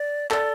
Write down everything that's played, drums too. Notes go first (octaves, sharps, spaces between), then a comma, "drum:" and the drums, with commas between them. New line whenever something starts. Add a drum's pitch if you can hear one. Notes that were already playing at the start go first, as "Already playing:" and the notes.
Already playing: D5
A4 D5, drum: clap